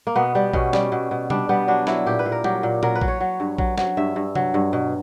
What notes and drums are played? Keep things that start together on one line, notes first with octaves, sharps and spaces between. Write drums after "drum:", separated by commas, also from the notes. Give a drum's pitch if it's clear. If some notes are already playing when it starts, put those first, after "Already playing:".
A#3
B2 B3
G3 B3
B2 C#4, drum: kick A#1
G3, drum: snare
B2
B2
G3 D4, drum: tom C3
G3 B3
F#3 D4
F#3 E4, drum: snare
A#2 G4
B4
A#2
A#4
F#3 G4, drum: tom
A#2
F#3 A#4, drum: tom A#2
B4
F#3, drum: kick A#1
C#5
F#3
G2
F#3, drum: kick A#1
F#3, drum: snare
G2 E5
G2
F#3, drum: tom C3
G2
B2